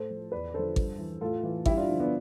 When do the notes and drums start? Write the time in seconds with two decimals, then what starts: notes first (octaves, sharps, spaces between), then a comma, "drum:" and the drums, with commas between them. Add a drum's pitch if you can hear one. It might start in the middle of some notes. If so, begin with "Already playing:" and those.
Already playing: A2 A4 C5
0.10 F3
0.32 E2 B4 D5
0.54 D3 F3 A4 C5
0.76 G2, drum: kick G#1
0.98 E3
1.21 A2 F4 A4
1.43 E3
1.66 G2 E4 G4, drum: kick G#1
1.77 D4 F4
1.89 D3 F3
2.00 B3 D4